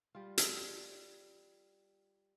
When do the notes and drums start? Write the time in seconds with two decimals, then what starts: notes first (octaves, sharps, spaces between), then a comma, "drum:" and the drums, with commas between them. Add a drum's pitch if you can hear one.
0.15 G3 F4
0.38 drum: hi-hat